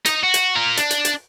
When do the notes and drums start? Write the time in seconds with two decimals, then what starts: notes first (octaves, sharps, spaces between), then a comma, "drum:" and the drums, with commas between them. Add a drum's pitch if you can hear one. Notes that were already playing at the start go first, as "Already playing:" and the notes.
0.05 D#4 D#5, drum: hi-hat
0.23 F#4
0.34 drum: hi-hat
0.56 F4 A#4
0.77 D4, drum: hi-hat
0.91 drum: hi-hat
1.05 drum: hi-hat